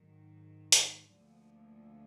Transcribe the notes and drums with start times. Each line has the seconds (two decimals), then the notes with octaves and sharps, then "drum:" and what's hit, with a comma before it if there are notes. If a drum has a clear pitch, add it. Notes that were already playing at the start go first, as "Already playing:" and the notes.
Already playing: G#2 D#3 F#3
0.72 drum: hi-hat
1.12 D2 D3 F3 A#3